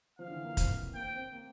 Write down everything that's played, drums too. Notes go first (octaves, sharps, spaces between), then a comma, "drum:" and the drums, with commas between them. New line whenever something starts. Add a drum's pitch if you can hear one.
F3 F5
D3
E3
A#3
C4, drum: kick, hi-hat
A#3 G5
C4
A#3